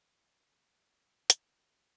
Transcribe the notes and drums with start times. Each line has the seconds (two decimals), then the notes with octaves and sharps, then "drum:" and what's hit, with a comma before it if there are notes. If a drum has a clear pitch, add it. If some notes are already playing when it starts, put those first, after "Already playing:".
0.13 F#3 F#4 F5
0.81 G#4 D5 A5
1.30 drum: hi-hat
1.60 F1 D#2 B3 F4 F5 D#6 A6